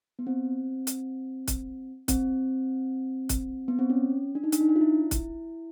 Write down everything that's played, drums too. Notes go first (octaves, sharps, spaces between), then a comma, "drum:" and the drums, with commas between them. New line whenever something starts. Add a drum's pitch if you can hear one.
B3
C4
drum: hi-hat
drum: kick, hi-hat
C4, drum: kick, hi-hat
drum: kick, hi-hat
B3
C4
C#4
D4
D#4
D4, drum: hi-hat
D#4
D4
F4
E4
drum: kick, hi-hat